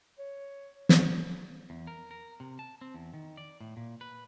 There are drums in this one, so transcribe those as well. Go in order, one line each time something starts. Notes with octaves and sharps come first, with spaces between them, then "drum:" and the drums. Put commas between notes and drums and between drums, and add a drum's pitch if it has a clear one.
C#5
drum: snare
E2
A#4
A#4
C3
A5
C4
E2
D#3
D5
A2
A#2
B4